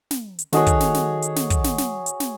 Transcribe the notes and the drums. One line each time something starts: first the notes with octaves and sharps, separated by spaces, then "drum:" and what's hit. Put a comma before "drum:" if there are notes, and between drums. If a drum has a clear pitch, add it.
drum: snare
drum: hi-hat
D#3 F#4 G#4 A4 C#5 D#5, drum: snare
drum: kick, hi-hat
drum: snare
drum: snare
drum: hi-hat
drum: snare
drum: kick, hi-hat
drum: snare
drum: snare
drum: hi-hat
drum: snare